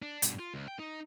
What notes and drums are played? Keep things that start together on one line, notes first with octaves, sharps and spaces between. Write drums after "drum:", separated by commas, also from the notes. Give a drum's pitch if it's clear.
D4
G2 B2, drum: hi-hat
F4
C#2
G5
D#4